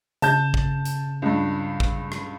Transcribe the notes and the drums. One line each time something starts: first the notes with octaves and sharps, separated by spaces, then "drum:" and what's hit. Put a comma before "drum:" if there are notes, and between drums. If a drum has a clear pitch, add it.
C#3 A5 G6, drum: hi-hat
drum: kick
drum: hi-hat
C#2 G2
drum: kick
drum: rim click